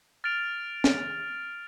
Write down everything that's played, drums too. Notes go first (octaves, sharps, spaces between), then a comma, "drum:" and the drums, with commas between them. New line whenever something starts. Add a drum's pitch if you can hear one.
F6 A6 D7 F7
drum: snare